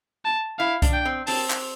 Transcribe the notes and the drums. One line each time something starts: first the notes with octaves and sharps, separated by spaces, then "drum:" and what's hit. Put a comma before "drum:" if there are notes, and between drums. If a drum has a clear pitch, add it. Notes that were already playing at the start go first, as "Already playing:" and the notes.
A5
E4 F5
D4, drum: kick C2, hi-hat
G5
C4
C4 A5, drum: open hi-hat
drum: clap